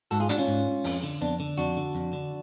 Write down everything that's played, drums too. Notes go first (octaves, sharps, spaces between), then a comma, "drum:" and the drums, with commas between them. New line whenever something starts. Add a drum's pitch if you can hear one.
G#2 F#4 A4
F4 G#4
D4 F#4, drum: snare
C#4 F4
G#2
F2, drum: open hi-hat
D3
F2 B3 D4
D3
F2 D4 F#4
D3
F2
D3